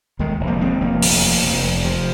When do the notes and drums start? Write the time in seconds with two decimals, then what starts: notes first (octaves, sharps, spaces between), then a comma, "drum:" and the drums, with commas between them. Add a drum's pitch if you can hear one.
0.19 D#2 D#3 G#3
0.40 F1
0.47 F3 A#3
0.61 D#2 G#3 C4
0.81 F1 F3 A#3
1.02 F1, drum: open hi-hat
1.22 D#2
1.43 F1
1.64 F1
1.84 C3 F3